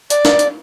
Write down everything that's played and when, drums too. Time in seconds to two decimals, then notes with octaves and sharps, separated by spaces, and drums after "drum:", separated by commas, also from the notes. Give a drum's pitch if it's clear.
0.10 D5, drum: hi-hat
0.25 drum: snare
0.39 drum: hi-hat